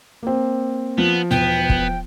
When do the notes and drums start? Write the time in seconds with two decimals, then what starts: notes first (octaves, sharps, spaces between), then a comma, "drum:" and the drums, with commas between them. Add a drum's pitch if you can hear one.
0.23 A#3 C4
0.98 F3 B3
1.31 E1 B3 G5
1.70 drum: kick